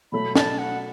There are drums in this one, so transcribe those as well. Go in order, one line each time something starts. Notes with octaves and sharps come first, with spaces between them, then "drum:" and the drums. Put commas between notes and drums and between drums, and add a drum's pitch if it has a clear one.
B2 F#3 A3 B5
A5, drum: snare
F#5